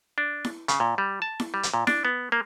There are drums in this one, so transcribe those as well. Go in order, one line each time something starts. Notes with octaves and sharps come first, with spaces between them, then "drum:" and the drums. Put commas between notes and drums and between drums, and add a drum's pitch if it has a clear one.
D4
drum: snare E4
C#3, drum: hi-hat
A#2
G3
A5
drum: snare E4
G3
drum: hi-hat
A#2
D4, drum: snare E4
B3
A#3